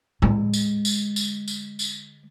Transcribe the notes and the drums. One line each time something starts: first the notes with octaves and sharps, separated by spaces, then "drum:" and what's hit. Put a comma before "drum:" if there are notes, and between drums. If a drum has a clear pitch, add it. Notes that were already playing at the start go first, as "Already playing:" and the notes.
D3 G#3, drum: tom A2
drum: tambourine
drum: tambourine
drum: tambourine
drum: tambourine
drum: tambourine